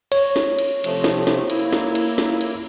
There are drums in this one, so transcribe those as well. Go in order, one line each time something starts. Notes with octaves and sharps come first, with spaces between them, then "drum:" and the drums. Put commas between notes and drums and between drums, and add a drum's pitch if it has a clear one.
C#5, drum: cymbal
drum: snare
drum: cymbal
C3 F3 A3, drum: cymbal
drum: snare
drum: snare
A#3 E4, drum: cymbal
drum: snare
drum: cymbal
drum: snare
drum: cymbal